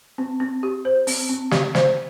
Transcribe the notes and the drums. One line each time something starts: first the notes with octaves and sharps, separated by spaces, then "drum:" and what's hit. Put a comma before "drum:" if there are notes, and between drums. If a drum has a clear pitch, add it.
C4
C4
G4
C5
C4, drum: open hi-hat
C4
G4, drum: snare
C5, drum: snare